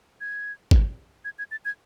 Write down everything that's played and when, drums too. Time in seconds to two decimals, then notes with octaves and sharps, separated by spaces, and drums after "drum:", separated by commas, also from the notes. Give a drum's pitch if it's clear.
0.21 G#6
0.71 drum: kick G#1
1.25 G#6
1.39 G#6
1.51 A6
1.65 G#6